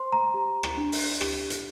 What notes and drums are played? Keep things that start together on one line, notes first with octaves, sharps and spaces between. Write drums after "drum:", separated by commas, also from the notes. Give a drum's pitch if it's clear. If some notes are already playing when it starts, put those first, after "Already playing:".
Already playing: C5 C6
A#5
G4
drum: rim click
D4
drum: open hi-hat
G4, drum: rim click
drum: hi-hat